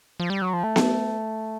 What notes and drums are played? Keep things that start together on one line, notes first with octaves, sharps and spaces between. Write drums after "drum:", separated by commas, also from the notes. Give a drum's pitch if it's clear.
F3
G3
F#3
F3
A3
drum: snare B3